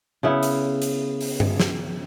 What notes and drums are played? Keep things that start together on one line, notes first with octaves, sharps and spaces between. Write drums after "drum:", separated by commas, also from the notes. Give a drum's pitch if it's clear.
C#3 B3 E4
drum: hi-hat
drum: hi-hat
drum: open hi-hat
drum: tom G2
drum: snare